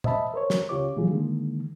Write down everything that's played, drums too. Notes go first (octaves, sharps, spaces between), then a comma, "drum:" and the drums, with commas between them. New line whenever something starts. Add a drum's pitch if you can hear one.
C5 D#5 E5 A5 B5, drum: tom A#2
A#4 C5 C#5
drum: snare
C#2 C#3 F4 G4 C#5 D6
A#2 E3 F#3 G3 F4 G#4
D3 D#3 G#3 A#3